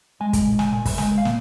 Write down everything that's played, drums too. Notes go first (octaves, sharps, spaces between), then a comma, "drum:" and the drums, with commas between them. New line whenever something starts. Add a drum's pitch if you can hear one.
G#3 G#5
drum: kick, hi-hat
A#2
G#5, drum: snare
A#2 G#5
drum: kick, open hi-hat
G#3 G#5, drum: snare
F5
A#3, drum: snare